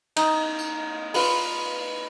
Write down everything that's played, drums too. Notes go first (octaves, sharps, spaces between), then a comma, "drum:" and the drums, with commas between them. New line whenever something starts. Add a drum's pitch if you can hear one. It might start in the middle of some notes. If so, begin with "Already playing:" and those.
D#4, drum: cymbal
drum: tambourine
F4 B4 B5, drum: open hi-hat